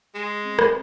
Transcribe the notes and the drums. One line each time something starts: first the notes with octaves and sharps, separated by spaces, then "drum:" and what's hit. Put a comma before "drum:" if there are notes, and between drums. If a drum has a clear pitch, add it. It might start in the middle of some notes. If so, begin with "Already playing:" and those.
G#3
C4
drum: rim click